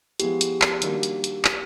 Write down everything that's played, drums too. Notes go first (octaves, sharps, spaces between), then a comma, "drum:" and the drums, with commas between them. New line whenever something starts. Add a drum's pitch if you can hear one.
F3 G#3 B3 E4 G4, drum: hi-hat
drum: hi-hat
drum: clap
D#3 G3 A#3 D4 F#4, drum: hi-hat
drum: hi-hat
drum: hi-hat
drum: clap